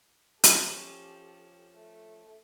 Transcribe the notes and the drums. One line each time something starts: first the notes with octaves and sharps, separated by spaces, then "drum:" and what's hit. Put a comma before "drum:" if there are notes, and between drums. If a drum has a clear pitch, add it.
F3 C#4 F4 G4 A4, drum: hi-hat
A3